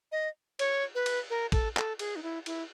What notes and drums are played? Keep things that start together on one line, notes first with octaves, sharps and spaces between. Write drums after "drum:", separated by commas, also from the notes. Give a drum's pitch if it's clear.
D#5
C#5, drum: cymbal
B4
drum: cymbal
A#4
A4, drum: kick, cymbal
A4, drum: clap
G#4, drum: cymbal
D#4
E4
E4, drum: cymbal